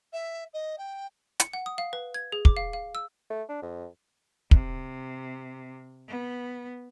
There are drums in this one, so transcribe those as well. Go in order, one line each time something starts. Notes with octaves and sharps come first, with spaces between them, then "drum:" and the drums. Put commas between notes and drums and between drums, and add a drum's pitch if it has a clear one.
E5
D#5
G5
C#7, drum: hi-hat
F#5
D#6
F5
B4
G#6
G#4
D6, drum: kick
F5
F5
E6
A3
D4
F2
C3, drum: kick
B3